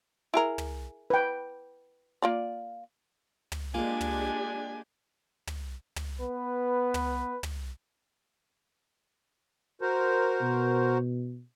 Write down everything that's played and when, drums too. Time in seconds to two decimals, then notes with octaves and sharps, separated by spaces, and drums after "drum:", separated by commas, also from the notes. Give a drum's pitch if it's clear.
0.34 E4 G#4 A#4
0.58 drum: tom
1.10 B4 G5
2.22 A#3 F4 D5
3.52 drum: tom
3.74 G#3 A#3 D4 F4 G4 G#5
4.01 drum: tom
5.47 drum: tom
5.96 drum: tom
6.21 B3 B4
6.94 drum: tom
7.43 drum: tom
9.81 F#4 A#4 C5
10.42 B2